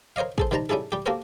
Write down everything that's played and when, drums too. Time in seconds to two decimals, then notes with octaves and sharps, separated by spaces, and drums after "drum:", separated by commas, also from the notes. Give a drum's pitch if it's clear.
0.16 A#4 C5 C#5 D#5 F5
0.38 G#4 A4 C5, drum: kick
0.51 D#3 G3 C5 A5 A#5
0.69 G3 C#4 E4 G#4 A4
0.92 G3 G4
1.06 A#3 F#4 G4 A4 A#4 C5